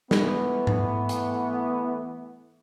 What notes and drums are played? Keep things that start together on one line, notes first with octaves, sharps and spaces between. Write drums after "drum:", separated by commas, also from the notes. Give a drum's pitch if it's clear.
E3 A3 B3, drum: snare
drum: tom G#2
drum: hi-hat